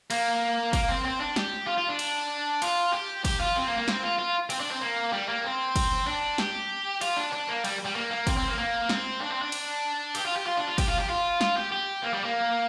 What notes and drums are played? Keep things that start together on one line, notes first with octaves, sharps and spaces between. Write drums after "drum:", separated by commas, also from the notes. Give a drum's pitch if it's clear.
A#3, drum: cymbal
A#3, drum: kick, cymbal
C4
C4
D4
G4, drum: snare
F4
F4
D4
drum: cymbal
F4, drum: cymbal
G4
G4, drum: kick, cymbal
F4
C4
A#3
A#3
C4, drum: snare
F4
F4
C4, drum: cymbal
D4
C4
A#3
G3
A#3
C4
drum: kick, cymbal
D4
G4, drum: snare
F4, drum: cymbal
D4
D4
A#3
G3, drum: cymbal
G3
A#3
A#3
C4, drum: kick, cymbal
C4
A#3
A#3
C4, drum: snare
D4
C4
D4
drum: cymbal
G4, drum: cymbal
F4
G4
F4
D4
F4
G4, drum: kick, cymbal
F4
G4
F4
F4, drum: snare
G4
G4
A#3
G3
A#3